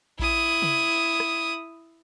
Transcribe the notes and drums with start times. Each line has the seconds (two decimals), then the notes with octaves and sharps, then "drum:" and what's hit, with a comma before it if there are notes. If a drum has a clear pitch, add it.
0.19 E4 D#6, drum: kick A#1
0.62 drum: tom
1.20 drum: rim click